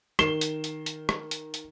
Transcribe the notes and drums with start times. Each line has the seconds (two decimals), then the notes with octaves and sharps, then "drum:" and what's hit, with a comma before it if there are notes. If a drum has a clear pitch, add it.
0.19 D#3 C7 E7 G7, drum: rim click
0.41 drum: hi-hat
0.64 drum: hi-hat
0.86 drum: hi-hat
1.09 drum: rim click
1.31 drum: hi-hat
1.54 drum: hi-hat